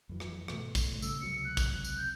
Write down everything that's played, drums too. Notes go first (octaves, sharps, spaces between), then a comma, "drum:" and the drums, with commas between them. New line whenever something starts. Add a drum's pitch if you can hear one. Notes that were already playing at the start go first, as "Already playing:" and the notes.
F2 E3 F#3
drum: rim click
G#2 B2 A3, drum: rim click
drum: kick, tambourine
C#3 G3 A3 E6, drum: tambourine
C#2 C3 F#3 C#7
F#6
drum: kick, tambourine
drum: tambourine
G6